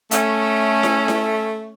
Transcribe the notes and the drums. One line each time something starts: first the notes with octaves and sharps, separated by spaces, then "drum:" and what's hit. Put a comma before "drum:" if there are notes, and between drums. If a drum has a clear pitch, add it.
A3 C#4, drum: hi-hat
drum: snare E4
drum: snare E4